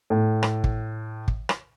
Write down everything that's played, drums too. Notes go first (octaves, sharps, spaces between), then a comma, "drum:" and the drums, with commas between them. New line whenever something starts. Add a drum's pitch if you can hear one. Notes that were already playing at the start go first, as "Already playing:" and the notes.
A2
drum: rim click
drum: kick
drum: kick
drum: rim click